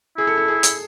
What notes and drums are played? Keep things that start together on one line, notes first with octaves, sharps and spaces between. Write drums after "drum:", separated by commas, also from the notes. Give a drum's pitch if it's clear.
E4 G#4
A4
A4
G#4
drum: hi-hat